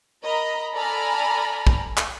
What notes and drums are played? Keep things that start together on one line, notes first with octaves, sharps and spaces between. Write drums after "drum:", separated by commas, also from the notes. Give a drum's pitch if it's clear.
A#4 D#5 A#5 B5
A4 D5 G#5 A#5 B5 F6
drum: kick
drum: clap